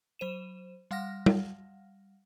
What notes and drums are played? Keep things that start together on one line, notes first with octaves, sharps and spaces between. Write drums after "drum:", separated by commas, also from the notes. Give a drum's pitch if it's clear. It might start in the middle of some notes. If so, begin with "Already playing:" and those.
F#3 C5 D#7 E7
G3 F5 F#5 F6 A#6
drum: tom G3